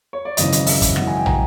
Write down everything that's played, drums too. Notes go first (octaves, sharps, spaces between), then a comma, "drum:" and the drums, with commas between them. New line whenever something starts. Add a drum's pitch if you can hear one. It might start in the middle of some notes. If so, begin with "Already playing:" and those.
C#5
D5
G#1 F#2 C#3 E3 D#5, drum: hi-hat
drum: hi-hat
E5, drum: open hi-hat
drum: kick, hi-hat
G#1 F#2 C#3 E3 F#5, drum: rim click
G#5
G5
A#5, drum: tom